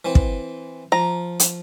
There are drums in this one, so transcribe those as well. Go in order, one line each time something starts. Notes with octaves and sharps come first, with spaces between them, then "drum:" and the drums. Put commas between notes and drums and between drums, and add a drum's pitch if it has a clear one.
E3 C4
drum: kick
F3 A#5
drum: hi-hat